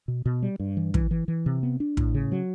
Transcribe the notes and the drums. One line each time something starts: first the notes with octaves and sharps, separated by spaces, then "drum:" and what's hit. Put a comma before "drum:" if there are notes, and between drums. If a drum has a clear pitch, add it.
B2
B2
G3
G2
E3
E3, drum: kick
E3
E3
C3
B3
D4
A2, drum: kick
C#3
F#3